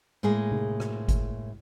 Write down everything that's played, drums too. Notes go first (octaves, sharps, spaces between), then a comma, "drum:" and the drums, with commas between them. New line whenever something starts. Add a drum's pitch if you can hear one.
A2 G#3 A#3 G#4
drum: tom
drum: rim click
drum: kick G1, hi-hat